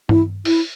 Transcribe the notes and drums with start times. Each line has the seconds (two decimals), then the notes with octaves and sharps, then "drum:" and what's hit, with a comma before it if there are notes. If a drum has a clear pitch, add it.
0.09 E4, drum: tom G2
0.45 E4, drum: open hi-hat